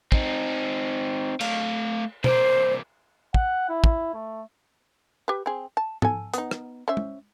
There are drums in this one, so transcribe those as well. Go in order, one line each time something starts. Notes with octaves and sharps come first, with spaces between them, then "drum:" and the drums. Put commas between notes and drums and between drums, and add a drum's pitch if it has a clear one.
C4 D#4, drum: kick
A3 F5, drum: cymbal
C2 A#3 C5, drum: tom B2
F#5, drum: kick
E4
drum: kick
A3
G4 B4
C4 G#4
A5
A4 G#5, drum: tom G#2
B3 D#4, drum: hi-hat
drum: rim click
C#4 C5 E5
drum: tom G#3